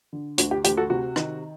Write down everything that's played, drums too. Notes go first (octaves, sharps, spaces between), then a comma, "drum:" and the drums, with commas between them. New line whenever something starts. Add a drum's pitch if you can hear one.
D3
D2 F#4, drum: hi-hat
G4
D2 G4, drum: hi-hat
F#4 A4
C3 F#4
D#3, drum: rim click